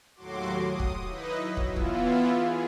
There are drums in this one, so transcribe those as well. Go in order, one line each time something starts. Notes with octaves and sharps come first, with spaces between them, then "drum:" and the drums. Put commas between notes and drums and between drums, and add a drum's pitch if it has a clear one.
D#2 A2 F#3 F#4 C6 D6
D#6
drum: kick
D#4 E4 B4 D#5
F#3
drum: kick
E3 B3 E4 F4
drum: kick
G#4